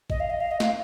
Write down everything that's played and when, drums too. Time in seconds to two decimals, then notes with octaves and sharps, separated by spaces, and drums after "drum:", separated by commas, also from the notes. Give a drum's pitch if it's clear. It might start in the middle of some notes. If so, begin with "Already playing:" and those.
0.10 D#5, drum: kick
0.20 F5
0.30 D#5
0.40 F5
0.51 D#5
0.60 F5, drum: snare